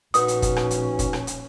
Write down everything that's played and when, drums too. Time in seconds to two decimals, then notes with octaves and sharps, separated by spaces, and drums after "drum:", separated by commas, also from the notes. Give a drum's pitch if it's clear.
0.14 A#1 C#4 D#4 F#4 B4 D#6, drum: hi-hat
0.28 drum: hi-hat
0.42 drum: kick, hi-hat
0.56 drum: rim click
0.71 drum: hi-hat
0.99 drum: kick, hi-hat
1.13 drum: rim click
1.27 drum: hi-hat